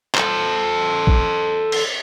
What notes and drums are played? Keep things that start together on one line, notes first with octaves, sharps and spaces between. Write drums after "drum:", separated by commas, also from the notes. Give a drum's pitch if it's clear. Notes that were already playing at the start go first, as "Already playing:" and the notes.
A4 C5, drum: clap
drum: kick A#1
drum: cymbal